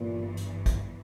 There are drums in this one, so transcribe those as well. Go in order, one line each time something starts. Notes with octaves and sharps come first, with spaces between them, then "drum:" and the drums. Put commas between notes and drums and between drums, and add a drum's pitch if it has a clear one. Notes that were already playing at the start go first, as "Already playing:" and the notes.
Already playing: G1 G2 A#2 E3
drum: hi-hat
drum: kick, hi-hat